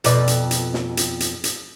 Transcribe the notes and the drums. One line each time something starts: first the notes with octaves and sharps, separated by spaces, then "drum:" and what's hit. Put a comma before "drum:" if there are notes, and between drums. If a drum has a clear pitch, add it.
F2 B2 D5, drum: hi-hat
drum: hi-hat
drum: hi-hat
drum: snare
drum: hi-hat
drum: hi-hat
drum: hi-hat